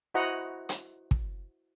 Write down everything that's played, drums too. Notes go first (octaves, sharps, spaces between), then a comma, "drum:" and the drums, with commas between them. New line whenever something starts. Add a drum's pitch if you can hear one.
E4 F#4 C5 D#5 F#5 A#5
drum: hi-hat
drum: kick